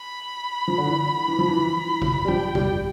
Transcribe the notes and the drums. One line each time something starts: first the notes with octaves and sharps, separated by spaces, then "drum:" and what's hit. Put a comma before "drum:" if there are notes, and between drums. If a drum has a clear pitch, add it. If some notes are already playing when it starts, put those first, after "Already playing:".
Already playing: B5
F3
D3
E3
E3
F3
E3
drum: kick
G3
F3 G5
G3, drum: kick